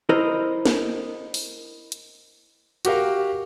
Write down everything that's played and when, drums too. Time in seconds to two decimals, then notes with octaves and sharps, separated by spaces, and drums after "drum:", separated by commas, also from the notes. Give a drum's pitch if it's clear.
0.09 E4 A#4 C5 D#5
0.65 drum: snare
1.34 drum: open hi-hat
1.92 drum: hi-hat
2.85 F#4 G4 A#4 F5, drum: hi-hat